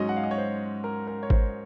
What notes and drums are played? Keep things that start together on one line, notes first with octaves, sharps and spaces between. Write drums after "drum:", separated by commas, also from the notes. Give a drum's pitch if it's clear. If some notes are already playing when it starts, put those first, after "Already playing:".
Already playing: G#2 F#3 C#4 D#5
F#5
F5
D#5
C#5
C5
A#4
A#4
C#5
C5, drum: kick G#1